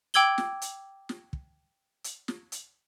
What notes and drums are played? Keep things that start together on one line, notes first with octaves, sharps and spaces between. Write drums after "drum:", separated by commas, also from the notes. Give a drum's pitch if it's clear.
G5 D6 E6 G#6 F#7 G7, drum: hi-hat
drum: snare
drum: hi-hat
drum: snare
drum: kick
drum: hi-hat
drum: snare
drum: hi-hat